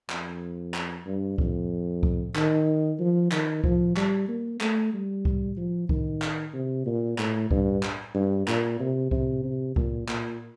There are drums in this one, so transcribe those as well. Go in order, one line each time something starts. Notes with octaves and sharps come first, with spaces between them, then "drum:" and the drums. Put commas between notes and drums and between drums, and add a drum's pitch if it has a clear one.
F2, drum: clap
drum: clap
G2
F2, drum: kick C2
drum: kick C2
D#3, drum: clap
F3
D#3, drum: clap
F3, drum: kick C2
G3, drum: clap
A#3
A3, drum: clap
G3
drum: kick C2
F3
D#3, drum: kick C2
drum: clap
C3
A#2
A2, drum: clap
G2, drum: kick C2
drum: clap
G2
A#2, drum: clap
C3
C3, drum: kick C2
C3
A#2, drum: kick C2
A#2, drum: clap